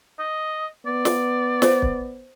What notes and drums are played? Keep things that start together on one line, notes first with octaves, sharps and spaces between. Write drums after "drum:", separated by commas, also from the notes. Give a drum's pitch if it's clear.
D#5
B3 D5
drum: snare
C5, drum: snare
drum: kick